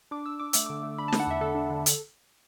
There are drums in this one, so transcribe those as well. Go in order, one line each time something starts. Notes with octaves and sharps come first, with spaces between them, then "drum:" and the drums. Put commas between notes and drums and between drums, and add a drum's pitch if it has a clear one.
D4 D6
D4 E6
D4 D6
A3 E6, drum: hi-hat
D3 D6
A3
D4 B5
A5
D4, drum: snare
F#5
E2 E5
D3 A4
D4
D3
drum: hi-hat